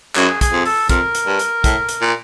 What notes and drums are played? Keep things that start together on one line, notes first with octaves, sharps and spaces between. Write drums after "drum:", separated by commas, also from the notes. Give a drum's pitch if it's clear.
F#2 G#4, drum: clap
G#4, drum: kick, hi-hat
F2
A4, drum: open hi-hat
F2 A#4, drum: kick, hi-hat
drum: hi-hat
G2
drum: hi-hat
A2, drum: kick, hi-hat
drum: hi-hat
A#2